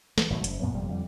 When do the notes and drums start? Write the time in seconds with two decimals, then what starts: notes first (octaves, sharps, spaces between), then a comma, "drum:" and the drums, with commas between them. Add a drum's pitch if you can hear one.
0.18 E3, drum: snare
0.30 G#1 B2 F#3 A3
0.44 F#1, drum: hi-hat
0.62 F#2 A#2 B3
0.74 G1 F2 C3 G3
0.89 F2 D3 G3